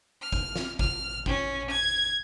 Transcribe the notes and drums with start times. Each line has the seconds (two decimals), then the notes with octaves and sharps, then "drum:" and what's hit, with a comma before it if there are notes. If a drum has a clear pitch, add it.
0.22 F6
0.32 drum: kick
0.55 drum: snare
0.79 F6, drum: kick
1.26 C#4, drum: kick
1.70 G#6